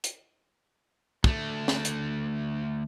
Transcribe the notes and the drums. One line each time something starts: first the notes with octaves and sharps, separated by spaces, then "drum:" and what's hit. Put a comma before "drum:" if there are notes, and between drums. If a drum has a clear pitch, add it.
drum: hi-hat
D2 A3, drum: kick
drum: snare
drum: hi-hat